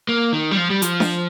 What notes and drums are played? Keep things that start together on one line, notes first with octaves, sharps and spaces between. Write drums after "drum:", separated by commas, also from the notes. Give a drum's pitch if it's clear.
A#3
D#3
G3
F3
G3
F3, drum: hi-hat
drum: snare D4